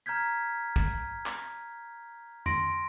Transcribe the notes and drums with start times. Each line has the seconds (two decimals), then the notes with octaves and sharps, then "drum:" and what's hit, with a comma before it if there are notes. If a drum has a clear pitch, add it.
0.06 A#5 F6 G6 G#6 B6
0.76 drum: kick
1.26 drum: clap
2.46 C6 A#6 D7, drum: tom F2